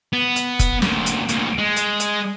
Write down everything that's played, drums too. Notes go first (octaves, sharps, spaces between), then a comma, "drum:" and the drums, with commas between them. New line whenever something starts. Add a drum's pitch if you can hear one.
B3
drum: hi-hat
drum: kick F1, hi-hat
D2 A#2, drum: snare
drum: hi-hat
D2 A#2, drum: hi-hat
G#3
drum: hi-hat
drum: hi-hat